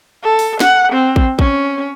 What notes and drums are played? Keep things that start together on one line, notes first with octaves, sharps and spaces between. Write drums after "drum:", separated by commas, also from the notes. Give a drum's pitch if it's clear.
A4
drum: open hi-hat
F#5, drum: snare
C4
drum: kick
C#4, drum: kick